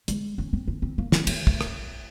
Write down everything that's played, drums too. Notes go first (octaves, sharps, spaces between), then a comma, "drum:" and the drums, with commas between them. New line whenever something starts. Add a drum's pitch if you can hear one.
G#3, drum: hi-hat
C#4
C4
C#4
C4
A#3
A3, drum: snare
A3, drum: cymbal
drum: kick
drum: rim click